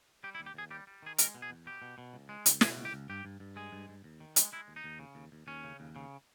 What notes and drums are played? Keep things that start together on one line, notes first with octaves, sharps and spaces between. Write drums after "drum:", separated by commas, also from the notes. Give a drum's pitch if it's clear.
G3 G4
E4
D#2
G4
D#2 G#4
G3 G4
G3
D#3 G#4
G#3 A#4, drum: hi-hat
B2
G#4
E2
B2 G4
B2
B2
C#2
G#3
C#2, drum: hi-hat
B2 G#4, drum: snare
C#2
G4
C#2
G2 G4
G2
G2
G#3 G#4
G2
G2
D#2
D#3
G#3, drum: hi-hat
G#3 E4
D#2
D#4
D#2
C#3
D#2
D#2
D#2 C#4
C#3
D#2
C#3